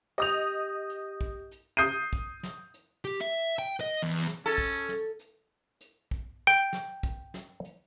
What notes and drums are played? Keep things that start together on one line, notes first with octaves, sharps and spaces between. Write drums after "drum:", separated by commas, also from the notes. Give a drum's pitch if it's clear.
G4 D#5 D#6 G6 F7
drum: hi-hat
drum: hi-hat
drum: kick A#1
drum: hi-hat
D#6 G6 C7 D#7
drum: kick A#1, hi-hat
drum: snare
drum: hi-hat
G4
E5
G5
D#5
E2
drum: snare
C#4 A4
drum: kick A#1, hi-hat
drum: snare
drum: hi-hat
drum: hi-hat
drum: kick A#1
G5
drum: snare
drum: kick A#1, hi-hat
drum: snare
drum: hi-hat